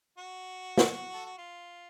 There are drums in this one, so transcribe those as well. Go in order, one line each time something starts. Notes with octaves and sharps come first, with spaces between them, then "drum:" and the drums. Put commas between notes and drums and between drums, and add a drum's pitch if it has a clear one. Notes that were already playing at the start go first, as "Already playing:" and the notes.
F#4
drum: snare
A4
F#4
F4